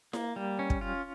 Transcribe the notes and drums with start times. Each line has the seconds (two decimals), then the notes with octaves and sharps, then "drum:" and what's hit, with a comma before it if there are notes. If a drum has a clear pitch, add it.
0.13 A#3, drum: snare E4
0.36 G3
0.59 C#4
0.70 drum: kick
0.81 F4